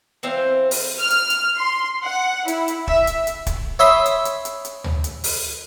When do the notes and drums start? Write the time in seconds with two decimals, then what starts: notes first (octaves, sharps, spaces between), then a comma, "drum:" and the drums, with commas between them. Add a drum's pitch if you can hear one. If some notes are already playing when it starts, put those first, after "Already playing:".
0.23 E3 C4 C5 F5
0.71 drum: open hi-hat
0.99 F6
1.10 drum: hi-hat
1.30 drum: hi-hat
1.58 C6
2.04 F#5
2.48 E4, drum: hi-hat
2.68 drum: hi-hat
2.87 E5, drum: kick
3.07 drum: hi-hat
3.27 drum: hi-hat
3.47 drum: kick, hi-hat
3.79 C#5 E5 B5 C6 D#6
4.06 drum: hi-hat
4.25 drum: hi-hat
4.45 drum: hi-hat
4.65 drum: hi-hat
4.84 drum: tom
5.04 drum: hi-hat
5.24 drum: open hi-hat